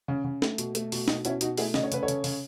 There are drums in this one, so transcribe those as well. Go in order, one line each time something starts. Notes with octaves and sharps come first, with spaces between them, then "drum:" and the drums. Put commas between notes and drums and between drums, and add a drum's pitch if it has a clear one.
C#3
C#3
A3, drum: snare
B2, drum: hi-hat
A3, drum: hi-hat
B2, drum: open hi-hat
B2 D#4, drum: snare
B2 C#4 E4, drum: hi-hat
B2 D#4 F#4, drum: hi-hat
A3 E4 G#4, drum: open hi-hat
C#3 D#5, drum: snare
C#5
C#3 B4, drum: hi-hat
A4 C#5
C#3, drum: hi-hat
C#3, drum: open hi-hat